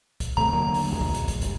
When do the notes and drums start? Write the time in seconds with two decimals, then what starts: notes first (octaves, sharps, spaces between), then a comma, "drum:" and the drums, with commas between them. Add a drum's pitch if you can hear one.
0.20 drum: kick, hi-hat
0.37 D#2 C3 A3 A#5
0.53 D3 F#3 A#3
0.74 drum: open hi-hat
0.91 B1 E2 G#3
1.01 drum: kick
1.15 drum: hi-hat
1.28 drum: kick, hi-hat
1.41 G1, drum: hi-hat